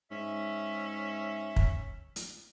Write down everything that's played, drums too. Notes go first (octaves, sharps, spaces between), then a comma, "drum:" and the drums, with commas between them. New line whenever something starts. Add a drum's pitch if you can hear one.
G#2 C#4 E5
drum: kick
drum: hi-hat